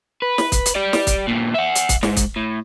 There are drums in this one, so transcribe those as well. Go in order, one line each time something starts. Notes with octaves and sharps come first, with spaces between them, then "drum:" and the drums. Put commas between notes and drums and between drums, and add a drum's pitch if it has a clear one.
B4
drum: snare
drum: kick, hi-hat
drum: hi-hat
G4 D5
drum: snare
drum: kick, hi-hat
G2 A#2
E5 F#5
drum: hi-hat
drum: kick, hi-hat
G#2, drum: snare
drum: kick, hi-hat
A2